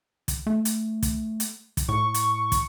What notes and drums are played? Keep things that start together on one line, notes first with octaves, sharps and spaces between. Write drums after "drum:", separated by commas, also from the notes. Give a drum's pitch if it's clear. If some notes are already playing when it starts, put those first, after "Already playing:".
drum: kick, hi-hat
A3
drum: hi-hat
drum: kick, hi-hat
drum: hi-hat
drum: kick, hi-hat
A2 C#6
drum: hi-hat
drum: kick, hi-hat